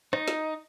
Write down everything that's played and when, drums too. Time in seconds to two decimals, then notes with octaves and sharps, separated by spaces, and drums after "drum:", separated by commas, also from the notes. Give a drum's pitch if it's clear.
0.13 D#4, drum: rim click
0.28 drum: snare